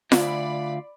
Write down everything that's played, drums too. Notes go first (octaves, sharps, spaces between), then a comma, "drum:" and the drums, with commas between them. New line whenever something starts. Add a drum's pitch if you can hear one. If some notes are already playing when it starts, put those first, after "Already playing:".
D2 F4 D5 F5 B5, drum: snare F4